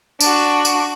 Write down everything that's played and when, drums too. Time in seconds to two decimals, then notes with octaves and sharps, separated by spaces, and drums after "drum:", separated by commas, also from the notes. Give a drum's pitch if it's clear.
0.21 D4 F#4, drum: tambourine
0.65 drum: tambourine